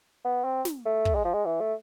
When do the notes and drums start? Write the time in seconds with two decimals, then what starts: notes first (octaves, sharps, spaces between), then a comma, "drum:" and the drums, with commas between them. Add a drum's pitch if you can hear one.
0.25 B3
0.44 C4
0.65 drum: snare
0.86 A3
1.05 drum: kick
1.15 G#3
1.25 F3
1.34 G#3
1.45 E3
1.60 A3